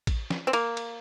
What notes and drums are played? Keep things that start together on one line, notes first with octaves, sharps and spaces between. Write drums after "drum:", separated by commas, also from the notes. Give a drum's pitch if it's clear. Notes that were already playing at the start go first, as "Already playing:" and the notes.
drum: kick, cymbal
drum: snare
C4
A#3, drum: cymbal
drum: cymbal